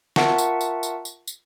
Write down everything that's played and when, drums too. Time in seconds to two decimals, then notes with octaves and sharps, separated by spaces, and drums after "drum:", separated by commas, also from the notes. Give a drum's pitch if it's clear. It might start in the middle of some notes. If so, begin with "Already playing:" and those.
0.16 F4 A#4 E5 F#5 A5 C#6, drum: snare
0.38 drum: tambourine
0.61 drum: tambourine
0.83 drum: tambourine
1.05 drum: tambourine
1.27 drum: tambourine